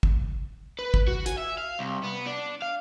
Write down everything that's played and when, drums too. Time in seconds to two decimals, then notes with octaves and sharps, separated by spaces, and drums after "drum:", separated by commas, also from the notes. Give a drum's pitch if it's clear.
0.03 drum: kick
0.79 B4
0.94 drum: kick
1.07 F#4
1.26 G#5, drum: hi-hat
1.38 E5
1.58 F5
1.79 C2
2.03 B3
2.26 D4
2.62 F5